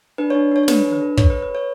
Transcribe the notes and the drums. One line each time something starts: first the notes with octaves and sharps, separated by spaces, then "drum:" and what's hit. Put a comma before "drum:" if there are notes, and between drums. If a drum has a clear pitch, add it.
D4 B4
C#5
D4
D4 C#5
C#5
A4 B4, drum: snare
D4
B4
A4
A4 C#5, drum: kick
B4
A4
B4
A4 C#5